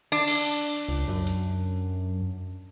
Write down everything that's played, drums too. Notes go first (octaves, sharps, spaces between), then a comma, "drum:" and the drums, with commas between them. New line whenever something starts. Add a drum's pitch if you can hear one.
D4
drum: cymbal
C#2
F#2
drum: hi-hat